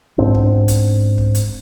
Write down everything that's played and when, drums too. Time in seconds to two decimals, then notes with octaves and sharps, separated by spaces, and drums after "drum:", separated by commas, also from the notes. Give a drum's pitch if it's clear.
0.18 G#2 B3 C4 D4
0.35 drum: kick
0.68 drum: kick, hi-hat
1.18 drum: kick
1.35 drum: hi-hat